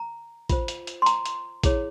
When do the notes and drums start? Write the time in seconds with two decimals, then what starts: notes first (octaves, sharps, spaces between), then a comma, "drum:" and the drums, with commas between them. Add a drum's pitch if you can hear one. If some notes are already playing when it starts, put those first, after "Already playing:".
Already playing: A#5
0.49 F4 C5, drum: kick, hi-hat
0.68 drum: hi-hat
0.87 drum: hi-hat
1.02 C6
1.06 A#5, drum: hi-hat
1.26 drum: hi-hat
1.64 E4 G#4 C#5, drum: kick, hi-hat